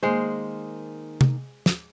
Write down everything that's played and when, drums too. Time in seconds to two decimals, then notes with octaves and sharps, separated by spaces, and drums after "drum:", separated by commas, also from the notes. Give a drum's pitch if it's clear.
0.03 D#3 G#3 A#3 C5
1.21 drum: tom C3
1.66 drum: snare